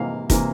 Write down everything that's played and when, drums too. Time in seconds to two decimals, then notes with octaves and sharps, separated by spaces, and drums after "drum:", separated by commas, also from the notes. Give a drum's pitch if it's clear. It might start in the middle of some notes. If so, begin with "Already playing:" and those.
Already playing: C3 E3 A#3 F5
0.30 C3 E3 A#3, drum: kick, hi-hat